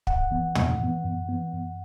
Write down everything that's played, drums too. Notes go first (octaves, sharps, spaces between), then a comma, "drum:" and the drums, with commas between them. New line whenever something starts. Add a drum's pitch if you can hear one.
F#2 F#5, drum: kick
E3 B3
F#2, drum: tom
E3 B3
F#2
E3 B3
F#2